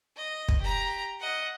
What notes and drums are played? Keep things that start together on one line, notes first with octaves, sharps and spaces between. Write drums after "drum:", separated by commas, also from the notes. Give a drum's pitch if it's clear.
D#5
drum: kick
G4 A#5
D#5 F#5